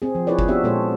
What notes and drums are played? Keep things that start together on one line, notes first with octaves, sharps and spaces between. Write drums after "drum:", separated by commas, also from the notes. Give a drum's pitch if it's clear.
C4 G#4
F3
E4 G#4 B4 C#5 D5
drum: kick F#1
B3 C4 D4 F#4 G4 E5
A#2 G#3 A4 C5 C#5